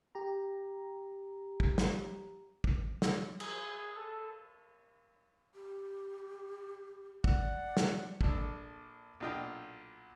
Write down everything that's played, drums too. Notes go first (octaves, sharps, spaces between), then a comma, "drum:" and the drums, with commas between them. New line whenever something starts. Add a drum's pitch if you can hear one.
G4 A#5
drum: kick
drum: snare
drum: kick
drum: snare
G#4, drum: cymbal
A4
G4
D5 F#5, drum: kick
drum: snare
A#1 D4 A4, drum: kick
B1 A#2 D4 F4 D#5 G5